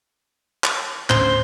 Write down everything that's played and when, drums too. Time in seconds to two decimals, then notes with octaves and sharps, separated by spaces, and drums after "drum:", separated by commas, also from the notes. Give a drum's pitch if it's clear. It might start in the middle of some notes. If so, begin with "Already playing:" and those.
0.64 drum: clap
1.10 D2 A2 C#4 C5, drum: clap